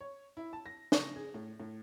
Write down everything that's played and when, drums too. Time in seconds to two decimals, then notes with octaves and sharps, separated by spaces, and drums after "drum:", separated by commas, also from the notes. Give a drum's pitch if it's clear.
0.01 C#5
0.37 E4
0.53 A5
0.66 A#6
0.92 C#6, drum: snare
1.16 G#4
1.34 A2
1.60 A2